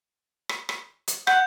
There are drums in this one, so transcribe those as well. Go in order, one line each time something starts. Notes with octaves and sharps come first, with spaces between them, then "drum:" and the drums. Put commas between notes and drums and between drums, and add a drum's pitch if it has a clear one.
drum: rim click
drum: rim click
drum: hi-hat
F#5 G6, drum: rim click